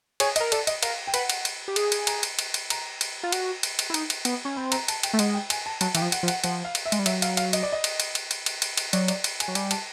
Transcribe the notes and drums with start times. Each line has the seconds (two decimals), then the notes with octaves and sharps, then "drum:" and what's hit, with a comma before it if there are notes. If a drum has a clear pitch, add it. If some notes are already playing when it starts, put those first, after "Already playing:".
0.20 G#4 C#5, drum: cymbal
0.36 D#5, drum: cymbal
0.40 A#4
0.52 A4 D5, drum: cymbal
0.67 D#5, drum: cymbal
0.83 A#4 F5, drum: cymbal
1.07 G5
1.14 B4 F#5, drum: cymbal
1.29 drum: cymbal
1.45 drum: cymbal
1.68 G4
1.76 G#4, drum: cymbal
1.92 drum: cymbal
2.07 A#5, drum: cymbal
2.23 drum: cymbal
2.39 drum: cymbal
2.54 drum: cymbal
2.70 A#5, drum: cymbal
3.01 drum: cymbal
3.23 F4
3.32 F#4, drum: cymbal
3.63 drum: cymbal
3.79 drum: cymbal
3.90 E4
3.94 D#4, drum: cymbal
4.10 drum: cymbal
4.25 B3, drum: cymbal
4.45 C#4
4.56 C4 B5
4.72 A#5, drum: cymbal
4.88 A5, drum: cymbal
5.03 G5, drum: cymbal
5.13 A3
5.19 G#3 F#5, drum: cymbal
5.34 G5
5.50 G#5, drum: cymbal
5.66 A5
5.81 F#3 A5, drum: cymbal
5.95 E3 G5, drum: cymbal
6.02 F3
6.12 F#5, drum: cymbal
6.23 F3
6.28 F#5, drum: cymbal
6.44 F3 F#5, drum: cymbal
6.65 F5
6.75 drum: cymbal
6.85 E5
6.92 G#3, drum: cymbal
6.99 G3
7.06 F#3 E5, drum: cymbal
7.22 F5, drum: cymbal
7.37 F5, drum: cymbal
7.53 D#5, drum: cymbal
7.63 D5
7.72 D#5
7.84 drum: cymbal
8.00 drum: cymbal
8.15 drum: cymbal
8.31 drum: cymbal
8.46 drum: cymbal
8.62 drum: cymbal
8.77 drum: cymbal
8.93 F#3 D5, drum: cymbal
9.08 D5, drum: cymbal
9.24 drum: cymbal
9.40 G#5, drum: cymbal
9.48 F#3
9.55 G3 G#5, drum: cymbal
9.71 A5, drum: cymbal